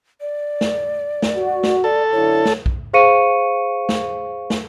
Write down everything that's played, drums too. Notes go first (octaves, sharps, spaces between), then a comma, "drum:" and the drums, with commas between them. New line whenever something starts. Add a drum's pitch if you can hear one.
D5
drum: snare
drum: snare
F#4
drum: snare
A4 D5
F#2 D3 E4 C#5
drum: snare
drum: kick B1
G#4 C5 F5 C#6 C#7 D#7
drum: snare
drum: snare